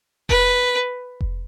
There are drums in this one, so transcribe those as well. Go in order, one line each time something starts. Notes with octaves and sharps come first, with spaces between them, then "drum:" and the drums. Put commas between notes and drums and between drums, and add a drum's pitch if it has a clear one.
B4, drum: kick F1
drum: kick F1